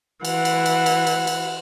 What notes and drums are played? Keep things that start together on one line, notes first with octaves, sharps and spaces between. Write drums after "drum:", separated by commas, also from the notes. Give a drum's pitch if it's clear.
E3 F#5, drum: cymbal
drum: cymbal
drum: cymbal
drum: cymbal
drum: cymbal
drum: cymbal